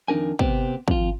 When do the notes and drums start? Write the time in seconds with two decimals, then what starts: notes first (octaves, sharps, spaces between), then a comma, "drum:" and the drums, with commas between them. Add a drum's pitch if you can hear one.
0.08 F2 D#3 D4 A#4 G#5
0.39 C3 B3 C4 G4, drum: kick
0.88 F2 F4, drum: kick